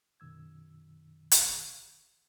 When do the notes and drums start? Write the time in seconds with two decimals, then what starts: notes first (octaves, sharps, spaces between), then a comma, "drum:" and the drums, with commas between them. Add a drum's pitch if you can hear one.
0.20 F#2 B2 D#3 E6 G#6
1.31 drum: hi-hat